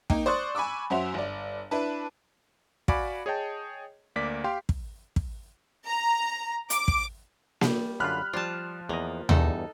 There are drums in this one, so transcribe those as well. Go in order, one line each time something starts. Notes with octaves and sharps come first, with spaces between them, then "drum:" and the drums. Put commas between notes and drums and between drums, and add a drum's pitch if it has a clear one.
A#3 D#4 G5, drum: kick
C5 D5 C#6 D#6 F#6 A6
G#5 B5 C#6 D6 E6
F#2 F#4 C5 E5 F7
G1 D5
D4 E4 B4 A5
F#4 D5 F5 G#5 B5 D6, drum: kick
G#4 C#5 D#5 G5 A5
D2 A#3 D5 D6 B6
G4 F5 G5 C6
drum: kick
drum: kick
A#5
D6, drum: hi-hat
drum: kick
G3, drum: snare A#3
F#2 D3 F4 B5 F6 F#6
F3 G3 F4 D5 A5
E2 A#3 D#5
E2 G2 D#4 A4, drum: tom D#2